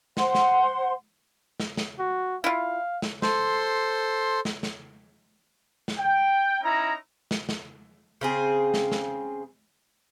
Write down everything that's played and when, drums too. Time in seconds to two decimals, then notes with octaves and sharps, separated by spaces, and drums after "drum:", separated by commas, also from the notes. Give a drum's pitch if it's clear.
0.17 C5 F#5 C6, drum: snare
0.35 drum: snare
1.60 drum: snare
1.77 drum: snare
1.99 F#4
2.44 E4 F4 F5
3.02 drum: snare
3.22 A4 C5 C6, drum: snare
4.45 drum: snare
4.63 drum: snare
5.88 drum: snare
5.98 G5
6.62 C#4 D#4 E4 A#5
7.31 drum: snare
7.49 drum: snare
8.21 C#3 C4 G#4
8.74 drum: snare
8.92 drum: snare